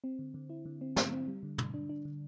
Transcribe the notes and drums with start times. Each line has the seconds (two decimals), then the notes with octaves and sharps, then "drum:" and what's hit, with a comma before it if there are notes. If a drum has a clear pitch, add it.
0.04 C4
0.19 D3
0.34 D3
0.50 E4
0.65 D3
0.81 C4
0.96 D3, drum: snare
1.12 C4
1.28 G3
1.43 D3
1.58 D3, drum: tom
1.74 D4
1.89 D4
2.05 D3